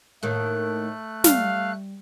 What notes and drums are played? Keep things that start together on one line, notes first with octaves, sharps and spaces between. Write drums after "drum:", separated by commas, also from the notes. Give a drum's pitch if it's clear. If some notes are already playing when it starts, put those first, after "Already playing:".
A2 D#3 A3 A#3 F#6
G3 F5, drum: snare